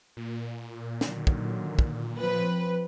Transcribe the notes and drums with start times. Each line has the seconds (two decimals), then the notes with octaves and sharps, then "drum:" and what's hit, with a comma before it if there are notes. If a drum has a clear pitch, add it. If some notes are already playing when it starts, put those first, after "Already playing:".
0.17 A#2
1.01 D3 D#3 F#3, drum: snare
1.27 drum: kick
1.79 drum: kick
2.19 F3 C4 B4